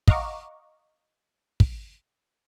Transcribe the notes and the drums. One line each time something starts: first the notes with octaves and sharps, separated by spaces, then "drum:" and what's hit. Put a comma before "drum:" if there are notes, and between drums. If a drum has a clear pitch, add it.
D#5 F5 F#5 A#5 C#6 D6, drum: kick
drum: kick